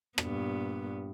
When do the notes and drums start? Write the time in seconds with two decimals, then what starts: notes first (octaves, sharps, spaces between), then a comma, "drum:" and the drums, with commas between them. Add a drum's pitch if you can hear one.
0.18 G2 A#2 B3, drum: rim click